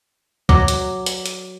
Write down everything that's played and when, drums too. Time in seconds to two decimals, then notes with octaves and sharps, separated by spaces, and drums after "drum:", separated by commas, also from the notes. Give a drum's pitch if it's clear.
0.49 F#3 D6, drum: kick
0.68 drum: hi-hat
1.06 drum: hi-hat
1.26 drum: hi-hat